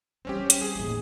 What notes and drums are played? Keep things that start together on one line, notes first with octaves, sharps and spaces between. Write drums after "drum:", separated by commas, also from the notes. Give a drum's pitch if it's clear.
F#3 G3 C4 C#4 G4
drum: hi-hat
G#4
D#2 A2